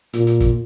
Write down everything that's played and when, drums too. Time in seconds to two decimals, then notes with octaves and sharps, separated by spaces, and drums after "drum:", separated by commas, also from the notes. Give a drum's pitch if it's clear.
0.13 A#2, drum: hi-hat
0.27 drum: hi-hat
0.40 drum: kick, hi-hat